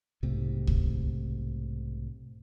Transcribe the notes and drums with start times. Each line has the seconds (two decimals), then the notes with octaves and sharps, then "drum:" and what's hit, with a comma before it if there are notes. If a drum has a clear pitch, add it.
0.23 B1 G#2 C3 A3
0.67 drum: kick C#2